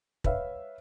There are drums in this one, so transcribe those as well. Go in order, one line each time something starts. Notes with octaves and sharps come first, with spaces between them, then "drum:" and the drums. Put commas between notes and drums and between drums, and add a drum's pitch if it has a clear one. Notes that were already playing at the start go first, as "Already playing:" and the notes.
B4 C#5 E5 F5, drum: kick